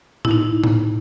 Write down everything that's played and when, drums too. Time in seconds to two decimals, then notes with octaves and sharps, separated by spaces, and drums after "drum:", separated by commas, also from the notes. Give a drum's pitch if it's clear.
0.25 E4, drum: tom A2
0.31 D#4
0.64 drum: tom A2